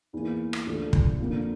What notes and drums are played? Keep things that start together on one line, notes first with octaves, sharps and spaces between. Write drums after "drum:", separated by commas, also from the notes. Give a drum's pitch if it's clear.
E2 E3 A#3
drum: rim click
D2 D3 F3 A4
drum: kick
F2 D3 F3 A#3